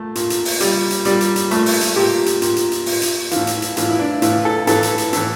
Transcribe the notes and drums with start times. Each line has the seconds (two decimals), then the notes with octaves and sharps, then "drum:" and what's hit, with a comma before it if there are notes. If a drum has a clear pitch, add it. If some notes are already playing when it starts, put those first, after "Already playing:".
Already playing: A#2 A3
0.15 A#2, drum: hi-hat
0.30 drum: hi-hat
0.45 drum: open hi-hat
0.60 A#2 G3, drum: hi-hat
0.90 drum: hi-hat
1.05 A#2 G3, drum: hi-hat
1.21 drum: hi-hat
1.36 drum: hi-hat
1.51 A#2 A3, drum: hi-hat
1.66 drum: open hi-hat
1.81 drum: hi-hat
1.96 A#2 G4
2.26 drum: hi-hat
2.42 A#2, drum: hi-hat
2.56 drum: hi-hat
2.72 drum: hi-hat
2.86 A#2, drum: open hi-hat
3.02 drum: hi-hat
3.31 A2 E3 F4, drum: hi-hat
3.47 drum: hi-hat
3.62 drum: hi-hat
3.77 A2 E3 F4, drum: hi-hat
3.89 E4
4.00 D4
4.22 A2 E3 F4, drum: hi-hat
4.45 A4
4.67 A2 E3 A4, drum: hi-hat
4.83 drum: hi-hat
4.98 drum: hi-hat
5.13 A2 E3, drum: hi-hat